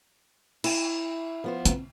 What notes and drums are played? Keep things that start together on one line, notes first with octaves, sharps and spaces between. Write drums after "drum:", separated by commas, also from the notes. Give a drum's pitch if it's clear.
E4, drum: cymbal
F3 B3 C5
C4, drum: hi-hat